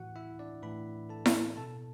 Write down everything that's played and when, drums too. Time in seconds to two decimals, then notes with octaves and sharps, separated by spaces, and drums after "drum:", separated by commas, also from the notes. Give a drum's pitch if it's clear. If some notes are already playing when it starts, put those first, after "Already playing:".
Already playing: A2 E3 F#4 F#5
0.16 E4 E5
0.39 D4 D5
0.63 A2 E3 B4 B5
1.09 A4 A5
1.26 drum: snare E4
1.57 B2 A4 A5